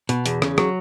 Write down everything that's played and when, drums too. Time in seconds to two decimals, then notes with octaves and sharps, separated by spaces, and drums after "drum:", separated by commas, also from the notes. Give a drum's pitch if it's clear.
0.09 B2, drum: hi-hat
0.26 E2, drum: hi-hat
0.42 C#3, drum: rim click
0.58 F#3, drum: rim click